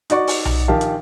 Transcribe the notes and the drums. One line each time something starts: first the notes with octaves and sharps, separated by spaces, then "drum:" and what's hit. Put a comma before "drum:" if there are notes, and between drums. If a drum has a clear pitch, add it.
D#4 F#4 D5 C#6, drum: hi-hat
drum: open hi-hat
drum: tom B1
A#1 D#3 G4 F5 A5
drum: hi-hat